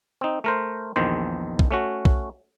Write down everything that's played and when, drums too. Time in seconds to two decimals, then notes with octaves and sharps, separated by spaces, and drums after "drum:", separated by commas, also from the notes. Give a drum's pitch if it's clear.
0.21 C4 D#4
0.44 A3 A#4 C5
0.96 A#1 E2 D#3 C5
1.59 drum: kick
1.71 A3 C#4 F#4
2.05 drum: kick